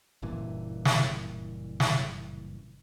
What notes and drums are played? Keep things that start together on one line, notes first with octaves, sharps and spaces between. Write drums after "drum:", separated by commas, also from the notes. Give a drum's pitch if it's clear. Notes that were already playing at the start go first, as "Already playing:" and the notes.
F#1 G2 A#2 E3
drum: snare
drum: snare